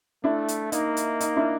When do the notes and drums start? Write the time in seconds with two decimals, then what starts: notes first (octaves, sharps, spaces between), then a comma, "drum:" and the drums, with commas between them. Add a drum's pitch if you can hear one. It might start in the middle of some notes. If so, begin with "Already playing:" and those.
0.24 A3 D4 E4
0.48 drum: hi-hat
0.72 A#3 D#4, drum: hi-hat
0.97 drum: hi-hat
1.20 D#4, drum: hi-hat
1.37 D4 E4